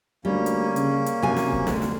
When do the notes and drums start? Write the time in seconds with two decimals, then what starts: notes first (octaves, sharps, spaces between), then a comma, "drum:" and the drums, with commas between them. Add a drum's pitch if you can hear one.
0.25 D2 G3 A#3 C#4
0.46 drum: hi-hat
0.76 C#3, drum: hi-hat
1.06 drum: hi-hat
1.22 C3 F#3 G#5
1.37 drum: snare
1.52 drum: kick C#1
1.67 D2 G#3, drum: snare
1.82 drum: snare